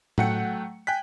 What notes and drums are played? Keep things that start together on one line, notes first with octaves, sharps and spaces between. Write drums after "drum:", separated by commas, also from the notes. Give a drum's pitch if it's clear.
F#3 A3 F#5 G5 C#7, drum: tom A2
G5 G#5 F#6 B6